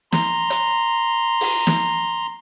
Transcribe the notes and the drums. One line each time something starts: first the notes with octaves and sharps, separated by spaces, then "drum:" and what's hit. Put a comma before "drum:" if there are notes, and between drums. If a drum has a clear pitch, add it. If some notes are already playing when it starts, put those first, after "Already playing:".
A#5 C6, drum: snare
drum: hi-hat
drum: open hi-hat
drum: snare